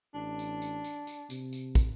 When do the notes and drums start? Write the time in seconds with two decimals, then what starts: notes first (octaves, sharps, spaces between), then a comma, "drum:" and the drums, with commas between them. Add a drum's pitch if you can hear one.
0.14 A1 D4
0.39 drum: tambourine
0.62 drum: tambourine
0.85 drum: tambourine
1.07 drum: tambourine
1.30 C3, drum: tambourine
1.53 drum: tambourine
1.75 drum: kick, tambourine